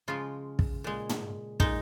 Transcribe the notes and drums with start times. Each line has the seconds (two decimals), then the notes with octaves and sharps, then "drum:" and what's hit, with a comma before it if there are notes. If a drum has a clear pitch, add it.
0.08 C#3 F3 G#3 F4
0.59 drum: kick
0.84 A#2 G#3
1.09 drum: tom
1.60 A#2 G#3 D#4, drum: kick